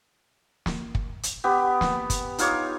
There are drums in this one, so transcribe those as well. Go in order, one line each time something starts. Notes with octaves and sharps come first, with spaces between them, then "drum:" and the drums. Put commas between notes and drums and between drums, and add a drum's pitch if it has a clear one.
drum: snare
drum: kick
drum: hi-hat
B3 G4
drum: snare
drum: kick, hi-hat
D#4 F4 C#5 D6, drum: hi-hat